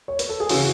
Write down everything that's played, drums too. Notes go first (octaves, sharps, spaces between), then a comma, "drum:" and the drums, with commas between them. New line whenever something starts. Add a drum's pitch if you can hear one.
C#5
B4, drum: hi-hat
A4
G#4
C#3 E3 F#4, drum: open hi-hat